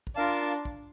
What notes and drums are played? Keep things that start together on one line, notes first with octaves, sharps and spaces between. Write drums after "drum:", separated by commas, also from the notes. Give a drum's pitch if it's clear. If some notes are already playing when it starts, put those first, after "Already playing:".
drum: kick
D4 F4 A#4 F5 A5
drum: kick